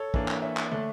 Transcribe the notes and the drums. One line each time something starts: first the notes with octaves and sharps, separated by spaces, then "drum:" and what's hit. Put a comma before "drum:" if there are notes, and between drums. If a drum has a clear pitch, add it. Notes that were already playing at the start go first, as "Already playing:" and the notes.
Already playing: A4 C#5
E3 A#3 D4, drum: kick
drum: clap
C#5 E5
drum: clap
D3 A3 D4